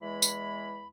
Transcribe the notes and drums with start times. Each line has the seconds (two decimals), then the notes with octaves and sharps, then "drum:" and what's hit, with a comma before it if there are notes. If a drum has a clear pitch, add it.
0.01 E2 E3 G#3 B5
0.22 drum: tambourine